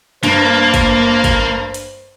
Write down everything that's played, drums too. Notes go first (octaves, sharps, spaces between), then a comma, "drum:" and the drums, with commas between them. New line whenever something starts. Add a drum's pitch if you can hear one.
G2 A#3 C5, drum: hi-hat
drum: kick, hi-hat
drum: kick, hi-hat
drum: hi-hat